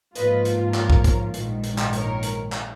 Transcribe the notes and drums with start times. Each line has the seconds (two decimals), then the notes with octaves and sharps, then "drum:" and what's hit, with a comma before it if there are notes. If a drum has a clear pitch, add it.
0.15 G#2 F3 A#3 F4 B4 D#5, drum: hi-hat
0.45 drum: hi-hat
0.74 A#4 C#5, drum: clap
0.90 drum: kick
1.04 drum: kick, hi-hat
1.34 A#1 G#2 D#3, drum: hi-hat
1.64 drum: hi-hat
1.78 drum: clap
1.93 A#4 C#5, drum: hi-hat
2.23 drum: hi-hat
2.52 drum: clap